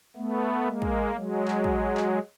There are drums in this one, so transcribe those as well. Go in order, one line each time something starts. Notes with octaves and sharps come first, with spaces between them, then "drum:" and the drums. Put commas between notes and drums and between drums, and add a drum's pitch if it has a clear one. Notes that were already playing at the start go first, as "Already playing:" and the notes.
A3 B3
G#3 A#3
drum: kick
F#3 G#3
drum: clap
drum: kick
drum: clap